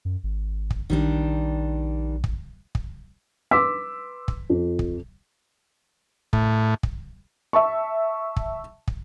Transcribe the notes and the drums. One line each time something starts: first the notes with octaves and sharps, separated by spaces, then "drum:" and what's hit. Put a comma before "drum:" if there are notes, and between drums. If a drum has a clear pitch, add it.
F#2
G#1
drum: kick
A#1 D#3 G3 D4
drum: kick
drum: kick
B4 C6 D6 E6 B6
drum: kick
F2
drum: kick
A2, drum: kick
drum: kick
E5 A5 C#6
drum: kick
drum: kick